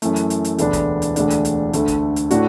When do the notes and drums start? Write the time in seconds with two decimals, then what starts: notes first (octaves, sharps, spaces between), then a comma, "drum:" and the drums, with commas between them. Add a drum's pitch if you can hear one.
0.02 F#2 E3 A3, drum: hi-hat
0.16 drum: hi-hat
0.30 drum: hi-hat
0.44 drum: hi-hat
0.58 E1 D2 D3 B3 D4, drum: hi-hat
0.73 drum: kick, hi-hat
1.02 drum: hi-hat
1.16 E1 D2 D3 A3 D4, drum: hi-hat
1.30 drum: hi-hat
1.45 drum: hi-hat
1.73 D2 D3 A3, drum: hi-hat
1.88 drum: kick, hi-hat
2.16 drum: hi-hat
2.31 A2 A3 D4 F#4, drum: hi-hat